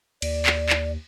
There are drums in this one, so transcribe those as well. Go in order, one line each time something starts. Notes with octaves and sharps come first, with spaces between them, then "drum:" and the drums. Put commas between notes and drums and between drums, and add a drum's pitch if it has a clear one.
D#2 D5, drum: cymbal
drum: clap
drum: clap